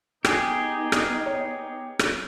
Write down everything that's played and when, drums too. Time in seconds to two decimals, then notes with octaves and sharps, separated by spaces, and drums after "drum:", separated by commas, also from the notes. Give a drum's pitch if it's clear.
0.25 B3 D#4 G4 G#4, drum: rim click
0.92 D#6 F6, drum: rim click
1.26 C#5
1.99 drum: rim click